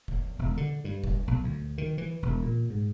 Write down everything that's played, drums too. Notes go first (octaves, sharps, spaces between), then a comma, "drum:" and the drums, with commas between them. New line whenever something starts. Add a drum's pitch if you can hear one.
drum: kick F1
E1
D3
G2
drum: kick F1
B1
D2
D#3
E3
E1
A#2
G#2